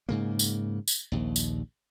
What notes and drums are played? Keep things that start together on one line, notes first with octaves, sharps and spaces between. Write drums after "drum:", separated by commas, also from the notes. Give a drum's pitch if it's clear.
G#2 C#3 A#3
drum: tambourine
drum: tambourine
A#1 D#2
drum: tambourine